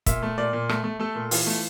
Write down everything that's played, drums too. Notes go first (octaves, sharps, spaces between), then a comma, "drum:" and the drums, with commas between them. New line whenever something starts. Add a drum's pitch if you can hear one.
A#2 E5, drum: kick, hi-hat
A3
A#2 D5
A#2
A3, drum: rim click
A3
A3 A4
A#2
E3 F4, drum: open hi-hat
A3